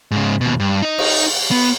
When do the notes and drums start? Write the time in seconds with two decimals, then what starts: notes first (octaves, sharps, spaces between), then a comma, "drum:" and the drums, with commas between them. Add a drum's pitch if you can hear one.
0.11 G#2 C#3
0.41 D#2 B2
0.60 G2
0.82 D#4 D#5
0.98 drum: cymbal
1.51 B3